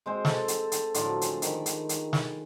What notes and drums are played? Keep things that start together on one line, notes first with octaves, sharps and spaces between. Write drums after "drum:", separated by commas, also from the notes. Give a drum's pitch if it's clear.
G#3 C4 C5
A4, drum: snare
drum: hi-hat
drum: hi-hat
A2 D3 F3 F#3, drum: hi-hat
G#4, drum: hi-hat
D#3 B5, drum: hi-hat
drum: hi-hat
drum: hi-hat
drum: snare